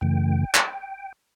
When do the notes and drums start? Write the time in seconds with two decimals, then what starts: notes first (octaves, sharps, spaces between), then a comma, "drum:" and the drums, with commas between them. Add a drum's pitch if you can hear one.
0.01 F#2 C#3 E3 A3 G5
0.55 drum: clap